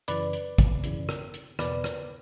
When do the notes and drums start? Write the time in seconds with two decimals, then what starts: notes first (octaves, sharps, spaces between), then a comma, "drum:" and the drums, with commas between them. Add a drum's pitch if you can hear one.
0.08 F#2 C#3 E3 B4 D5, drum: hi-hat
0.33 drum: hi-hat
0.58 drum: kick, hi-hat
0.84 F#2 C#3 E3, drum: hi-hat
1.09 drum: rim click
1.34 drum: hi-hat
1.59 E2 B2 B4 D5, drum: rim click
1.84 drum: rim click